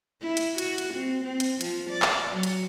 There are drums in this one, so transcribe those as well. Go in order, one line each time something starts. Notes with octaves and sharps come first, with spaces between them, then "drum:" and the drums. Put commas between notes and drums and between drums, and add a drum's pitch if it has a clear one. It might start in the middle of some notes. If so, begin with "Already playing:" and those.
E4
drum: hi-hat
F#4, drum: hi-hat
drum: hi-hat
C4
C4
drum: hi-hat
F3, drum: hi-hat
D5
drum: clap
F#3
drum: hi-hat